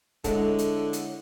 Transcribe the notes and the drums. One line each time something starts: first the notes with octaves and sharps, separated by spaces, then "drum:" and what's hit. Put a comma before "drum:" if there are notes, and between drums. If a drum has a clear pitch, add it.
D3 G#3 E4 A4 C#5, drum: kick, hi-hat
drum: hi-hat
drum: hi-hat